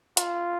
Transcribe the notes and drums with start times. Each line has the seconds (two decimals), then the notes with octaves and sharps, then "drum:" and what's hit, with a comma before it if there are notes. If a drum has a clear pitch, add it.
0.17 F4, drum: hi-hat